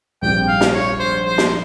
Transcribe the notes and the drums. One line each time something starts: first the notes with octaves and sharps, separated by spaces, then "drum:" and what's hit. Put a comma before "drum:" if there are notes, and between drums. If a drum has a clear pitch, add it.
A#1 G#2 G3 C4 G5
F5
drum: snare
C#5
C5
C5
drum: snare